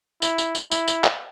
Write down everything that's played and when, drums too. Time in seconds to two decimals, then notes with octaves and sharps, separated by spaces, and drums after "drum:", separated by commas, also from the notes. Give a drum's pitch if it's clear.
0.22 E4, drum: tambourine
0.38 drum: tambourine
0.55 drum: tambourine
0.72 E4, drum: tambourine
0.88 drum: tambourine
1.04 drum: clap